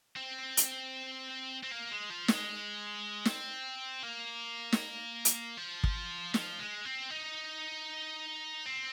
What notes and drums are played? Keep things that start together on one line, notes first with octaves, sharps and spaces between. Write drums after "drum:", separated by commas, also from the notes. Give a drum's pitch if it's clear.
C4
drum: hi-hat
C4
A#3
G#3
F3
G#3, drum: snare
C4, drum: snare
A#3
drum: snare
drum: hi-hat
F3
drum: kick
F3, drum: snare
G#3
C4
D#4
C4